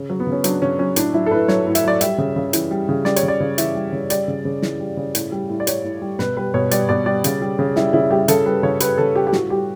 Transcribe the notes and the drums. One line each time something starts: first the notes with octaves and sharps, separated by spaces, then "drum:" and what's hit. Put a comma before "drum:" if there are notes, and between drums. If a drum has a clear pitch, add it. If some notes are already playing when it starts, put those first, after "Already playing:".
Already playing: C#3
F#3
B3
C#3
C#4
F#3 D4, drum: hi-hat
C#3 C#4
F#3 C#4
A2 D4, drum: hi-hat
F#3 E4
A4
A2 B4
F#3 C#5, drum: snare
A2
E5, drum: hi-hat
F#3 D5
G3 E5, drum: hi-hat
C#3
C#3
E3, drum: hi-hat
G3
C#3
G3 D5, drum: snare
C#5, drum: hi-hat
C#3
D5
C#3
E3 E5, drum: hi-hat
G3
C#3
G3 D5, drum: hi-hat
C#3
C#3
E3, drum: snare
G3
C#3
A2, drum: hi-hat
G3
A2
D5
G3 C#5, drum: hi-hat
A2
G3
B2 B4, drum: snare
G3 B4
B2 C#5
G3 D5, drum: hi-hat
B2 D5
G3 D5
C#3, drum: hi-hat
G3
C#3
G3 E4, drum: snare
C#3 E4
G3 G4
C#3 A4, drum: hi-hat
G3 B4
C#3 C#5
G3 B4, drum: hi-hat
C#3 A4
G3 G4
G4
A2 F#4, drum: snare
G3 G4